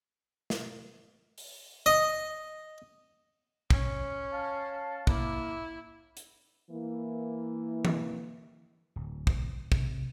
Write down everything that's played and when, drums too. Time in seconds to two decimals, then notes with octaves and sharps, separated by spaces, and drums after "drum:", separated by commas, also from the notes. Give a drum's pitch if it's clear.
0.50 drum: snare
1.38 drum: open hi-hat
1.86 D#5
3.70 C#4, drum: kick
4.32 F5 A5
5.07 A#3 E4, drum: kick
6.17 drum: hi-hat
6.70 E3 A#3
7.85 drum: tom E3
8.96 D1
9.27 drum: kick
9.72 C3, drum: kick